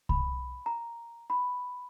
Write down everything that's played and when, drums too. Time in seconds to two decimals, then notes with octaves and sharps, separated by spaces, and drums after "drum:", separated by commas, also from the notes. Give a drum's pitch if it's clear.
0.09 B5, drum: kick C2
0.66 A#5
1.30 B5